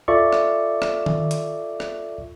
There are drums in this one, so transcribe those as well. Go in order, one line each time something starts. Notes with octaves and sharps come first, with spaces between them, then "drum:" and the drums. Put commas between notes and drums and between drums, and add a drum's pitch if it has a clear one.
F4 A4 D5 E5 C#6
drum: rim click
drum: rim click
drum: tom D#3
drum: hi-hat
drum: rim click